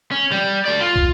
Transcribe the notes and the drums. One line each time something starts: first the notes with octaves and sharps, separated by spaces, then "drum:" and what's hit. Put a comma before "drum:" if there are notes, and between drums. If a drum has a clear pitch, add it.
C#4
G3, drum: snare
A3 D5
F4
drum: kick